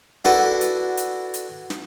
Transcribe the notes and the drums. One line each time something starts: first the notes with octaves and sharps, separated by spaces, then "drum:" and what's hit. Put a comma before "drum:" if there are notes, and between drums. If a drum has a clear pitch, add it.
D4 E4 F#4 A4 B4, drum: snare
drum: hi-hat
drum: hi-hat
drum: hi-hat
drum: snare